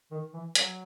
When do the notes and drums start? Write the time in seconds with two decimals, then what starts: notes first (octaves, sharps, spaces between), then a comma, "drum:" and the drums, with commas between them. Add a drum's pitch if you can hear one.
0.11 D#3
0.33 E3
0.55 F#3, drum: hi-hat